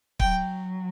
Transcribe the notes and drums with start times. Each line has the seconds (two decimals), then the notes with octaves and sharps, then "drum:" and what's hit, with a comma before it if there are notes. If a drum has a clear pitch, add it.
0.20 F#3 G5, drum: kick